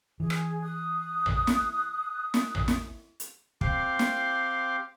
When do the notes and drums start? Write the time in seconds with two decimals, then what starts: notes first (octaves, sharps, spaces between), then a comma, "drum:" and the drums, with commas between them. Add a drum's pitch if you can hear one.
0.20 E3 G#4
0.30 drum: rim click
0.62 D#6 F#6
1.26 drum: tom A1
1.47 drum: snare
2.34 drum: snare
2.55 drum: tom A1
2.68 drum: snare
3.20 drum: hi-hat
3.61 C4 G4 F5 C6 D6, drum: kick
3.99 drum: snare